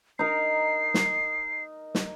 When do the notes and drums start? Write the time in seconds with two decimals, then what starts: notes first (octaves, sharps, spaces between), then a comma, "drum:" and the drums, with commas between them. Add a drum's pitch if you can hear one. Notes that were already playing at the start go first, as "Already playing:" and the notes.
0.19 D#4 A#4 C7
0.94 drum: snare
1.95 drum: snare